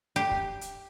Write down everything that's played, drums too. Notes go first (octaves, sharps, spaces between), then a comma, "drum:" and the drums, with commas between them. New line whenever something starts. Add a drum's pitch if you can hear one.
G4
drum: kick
drum: hi-hat